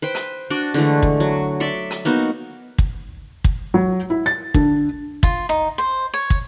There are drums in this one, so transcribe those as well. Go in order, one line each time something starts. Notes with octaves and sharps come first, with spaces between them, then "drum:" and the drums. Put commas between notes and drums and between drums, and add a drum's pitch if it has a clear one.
B4 C5 G5
drum: hi-hat
D4 F#4 D5
D3 E3 G#3 A3
drum: kick
F#3
D5 E5 C6 C#6
drum: hi-hat
A#3 B3 D#4 F#4
drum: kick
drum: kick
F#3
E4
A6
D3, drum: kick
F4, drum: kick
D#4
C5
C#5
drum: kick